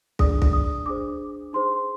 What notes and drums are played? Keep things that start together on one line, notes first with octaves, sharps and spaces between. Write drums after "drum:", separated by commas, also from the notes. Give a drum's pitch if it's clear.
D4 G#4 D5 D#6, drum: kick
drum: kick
D#6
D4 G#4 C5 D6
D#4 G#4 C5 C6